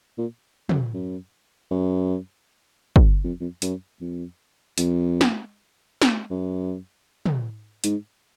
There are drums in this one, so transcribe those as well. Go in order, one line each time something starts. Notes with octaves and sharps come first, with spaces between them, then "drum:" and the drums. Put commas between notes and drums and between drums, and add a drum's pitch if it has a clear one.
A#2
F#2, drum: tom
F#2
F#2
drum: kick
F2
F2
F#2, drum: hi-hat
F2
F2, drum: hi-hat
drum: snare
drum: snare
F#2
drum: tom
G#2, drum: hi-hat